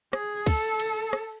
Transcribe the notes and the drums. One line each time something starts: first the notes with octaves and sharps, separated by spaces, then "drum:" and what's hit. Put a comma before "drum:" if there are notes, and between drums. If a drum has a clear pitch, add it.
G#4, drum: rim click
A4, drum: kick, cymbal
drum: cymbal
drum: rim click